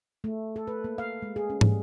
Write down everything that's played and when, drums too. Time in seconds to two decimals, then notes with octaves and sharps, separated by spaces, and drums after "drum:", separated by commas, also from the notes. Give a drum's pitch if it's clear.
0.24 A3
0.56 A4
0.67 B4
0.84 A#3
0.98 F5
1.22 G#3
1.36 G#4
1.50 C#4
1.61 G3, drum: tom